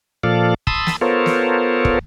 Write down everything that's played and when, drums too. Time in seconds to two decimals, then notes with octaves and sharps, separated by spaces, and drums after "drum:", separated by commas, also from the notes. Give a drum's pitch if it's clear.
0.23 A#2 F3 A4 D5 F5
0.67 A5 B5 C6 D#6 E6, drum: kick
0.87 drum: snare
1.01 B3 F4 A4 A#4 C5 C#5
1.26 drum: snare
1.85 drum: kick